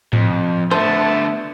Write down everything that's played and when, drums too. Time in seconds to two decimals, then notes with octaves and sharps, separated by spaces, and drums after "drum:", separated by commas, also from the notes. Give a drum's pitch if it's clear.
0.13 F2, drum: tom G#2
0.71 D3 A3 B3 C5 A5